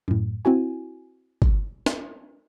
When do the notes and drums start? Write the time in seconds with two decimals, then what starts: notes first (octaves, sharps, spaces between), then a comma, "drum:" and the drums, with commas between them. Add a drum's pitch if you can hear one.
0.08 F#2 A2
0.45 C4 E4 F#4 G#5
1.42 drum: kick
1.86 drum: snare